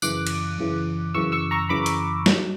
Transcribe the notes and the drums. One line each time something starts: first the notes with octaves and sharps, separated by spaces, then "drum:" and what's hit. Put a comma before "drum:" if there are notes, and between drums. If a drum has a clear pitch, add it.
F#2 C#3 E3 D6 F#6, drum: tambourine
drum: cymbal
F#2 C#3 E3
F#2 C#3 E3 C#6 E6
C#6 E6
A#5 C#6
F#2 C#3 E3 B5 D6
drum: hi-hat
G2 F#3, drum: snare